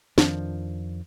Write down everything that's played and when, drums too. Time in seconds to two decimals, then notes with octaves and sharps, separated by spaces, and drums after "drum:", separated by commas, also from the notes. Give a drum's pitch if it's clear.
0.18 F2 D#3 F3 D4, drum: snare